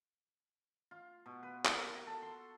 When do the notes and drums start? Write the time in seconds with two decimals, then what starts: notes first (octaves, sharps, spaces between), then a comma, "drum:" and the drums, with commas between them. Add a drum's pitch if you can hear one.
0.91 F4
1.26 B2
1.43 B4
1.65 A#4, drum: clap
1.87 F#4
2.07 A4
2.22 C6